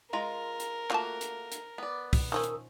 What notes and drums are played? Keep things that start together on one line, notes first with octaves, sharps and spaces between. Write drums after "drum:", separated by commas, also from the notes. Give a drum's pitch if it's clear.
G#3 F4 A#4 A#5
drum: hi-hat
A3 A#3 F4 F#4 A5, drum: clap
drum: hi-hat
drum: hi-hat
B3 D5
drum: kick, open hi-hat
D#3 F3 C#4 A#4 D#6 E6
drum: hi-hat